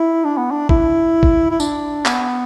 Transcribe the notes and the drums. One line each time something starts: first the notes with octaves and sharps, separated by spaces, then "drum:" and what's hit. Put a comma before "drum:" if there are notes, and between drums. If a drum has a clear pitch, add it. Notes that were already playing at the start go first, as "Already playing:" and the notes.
Already playing: E4
D4
B3
D4
E4, drum: kick
drum: kick
E4
D4, drum: tambourine
B3, drum: clap